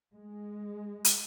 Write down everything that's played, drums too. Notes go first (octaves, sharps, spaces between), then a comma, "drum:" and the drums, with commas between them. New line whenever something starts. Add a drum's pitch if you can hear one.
G#3
drum: hi-hat